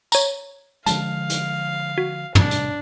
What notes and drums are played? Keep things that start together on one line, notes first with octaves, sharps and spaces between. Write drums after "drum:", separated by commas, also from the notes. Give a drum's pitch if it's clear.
C#5 A#5, drum: tambourine
D3 F3 G#3 F5 A5, drum: hi-hat
drum: hi-hat
F#4
A2 C3 G3 D4, drum: tom
drum: hi-hat